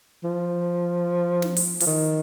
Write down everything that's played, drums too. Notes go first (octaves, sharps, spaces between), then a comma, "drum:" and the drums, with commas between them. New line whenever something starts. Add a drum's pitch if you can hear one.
F3
drum: snare
drum: open hi-hat
F3, drum: open hi-hat
D#3